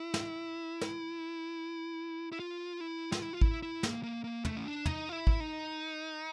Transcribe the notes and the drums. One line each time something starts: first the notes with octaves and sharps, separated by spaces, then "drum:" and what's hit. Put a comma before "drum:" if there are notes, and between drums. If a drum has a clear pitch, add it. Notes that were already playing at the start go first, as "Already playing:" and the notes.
Already playing: E4
drum: snare
drum: snare
E4
F4
E4
F4, drum: snare
E4
F4
E4, drum: kick
E4
A#3, drum: snare
A#3
A#3
A3, drum: tom
C#4
D4
D#4, drum: tom
F4
E4
drum: kick
D#4